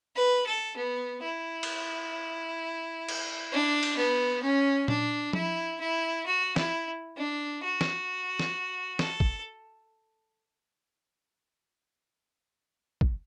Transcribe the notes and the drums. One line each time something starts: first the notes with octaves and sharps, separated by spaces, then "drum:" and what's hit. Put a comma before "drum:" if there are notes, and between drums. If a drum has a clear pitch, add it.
B4
A4
B3
E4
drum: cymbal
drum: cymbal
D4
drum: cymbal
B3
C#4
D4, drum: tom A#2
E4, drum: tom F3
E4
F#4
E4, drum: snare
D4
F#4
drum: snare
drum: snare
A4, drum: snare
drum: kick
drum: kick